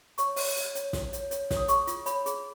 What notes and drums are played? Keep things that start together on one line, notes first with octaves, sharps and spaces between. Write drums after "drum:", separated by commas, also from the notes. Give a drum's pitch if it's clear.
C#5 C#6, drum: hi-hat
C#5, drum: open hi-hat
C#5, drum: hi-hat
C#5, drum: hi-hat
F#4, drum: snare
C#5, drum: hi-hat
C#5, drum: hi-hat
C#5, drum: snare
D#6
G#4 C#6, drum: hi-hat
F4, drum: hi-hat
C#5 B5, drum: hi-hat
G#4, drum: hi-hat